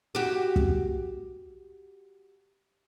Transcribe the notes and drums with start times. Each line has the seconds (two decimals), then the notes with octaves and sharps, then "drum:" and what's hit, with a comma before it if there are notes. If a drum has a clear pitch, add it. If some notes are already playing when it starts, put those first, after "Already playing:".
0.15 F#4 G4
0.56 drum: kick